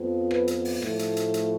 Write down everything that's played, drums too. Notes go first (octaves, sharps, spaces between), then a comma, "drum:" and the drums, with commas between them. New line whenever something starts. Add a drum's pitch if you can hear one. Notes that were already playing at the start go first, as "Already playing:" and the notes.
Already playing: F2 F3 B3
B4, drum: rim click
drum: hi-hat
drum: open hi-hat
A2 F3 A3, drum: rim click
drum: hi-hat
drum: hi-hat
drum: hi-hat